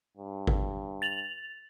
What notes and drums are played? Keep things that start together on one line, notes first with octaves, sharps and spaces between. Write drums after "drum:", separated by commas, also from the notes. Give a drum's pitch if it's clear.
G2
drum: kick G#1
A6 F7 F#7